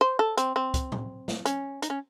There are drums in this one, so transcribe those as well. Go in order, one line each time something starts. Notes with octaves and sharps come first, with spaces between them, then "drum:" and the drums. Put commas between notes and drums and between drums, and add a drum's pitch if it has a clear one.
C5
A4
C4, drum: hi-hat
C4
drum: kick, hi-hat
drum: tom A2
drum: snare
C#4, drum: hi-hat
D#4, drum: hi-hat
C#4